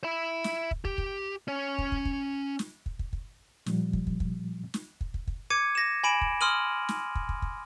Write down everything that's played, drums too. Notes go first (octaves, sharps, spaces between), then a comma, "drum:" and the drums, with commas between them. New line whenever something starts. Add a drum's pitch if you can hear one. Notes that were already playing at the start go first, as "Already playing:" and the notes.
E5 B5
drum: snare
drum: kick
G4, drum: kick
drum: kick
C#4 C#5
drum: kick
drum: kick
drum: kick
drum: snare
drum: kick
drum: kick
drum: kick
A#2 F3 G3, drum: snare
drum: kick
drum: kick
drum: kick
drum: snare
drum: kick
drum: kick
drum: kick
D6 G#6 C#7 D#7
A#6 E7
G#5 B5 D7 E7
drum: kick
C6 D#6 F6 D#7 F#7
drum: snare
drum: kick
drum: kick
drum: kick